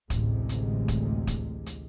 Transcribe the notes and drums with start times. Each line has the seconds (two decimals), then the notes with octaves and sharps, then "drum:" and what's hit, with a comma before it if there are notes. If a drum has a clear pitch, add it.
0.10 A1 D2 C3 G#3, drum: kick, hi-hat
0.49 drum: hi-hat
0.88 drum: kick, hi-hat
1.27 drum: kick, hi-hat
1.66 drum: hi-hat